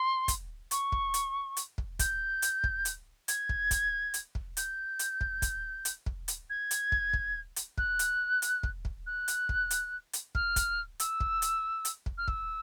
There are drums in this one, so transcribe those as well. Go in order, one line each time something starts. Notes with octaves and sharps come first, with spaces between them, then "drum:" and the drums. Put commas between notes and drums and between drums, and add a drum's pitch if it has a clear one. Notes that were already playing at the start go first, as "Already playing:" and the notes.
Already playing: C6
drum: kick, hi-hat
C#6, drum: hi-hat
drum: kick
drum: hi-hat
drum: hi-hat
drum: kick
G6, drum: kick, hi-hat
drum: hi-hat
drum: kick
drum: hi-hat
G#6, drum: hi-hat
drum: kick
drum: kick, hi-hat
drum: hi-hat
drum: kick
G6, drum: hi-hat
drum: hi-hat
drum: kick
drum: kick, hi-hat
drum: hi-hat
drum: kick
drum: hi-hat
G#6
drum: hi-hat
drum: kick
drum: kick
drum: hi-hat
F#6, drum: kick
drum: hi-hat
drum: hi-hat
drum: kick
drum: kick
F#6
drum: hi-hat
drum: kick
drum: hi-hat
drum: hi-hat
F6, drum: kick
drum: kick, hi-hat
E6, drum: hi-hat
drum: kick
drum: hi-hat
drum: hi-hat
drum: kick
F6
E6, drum: kick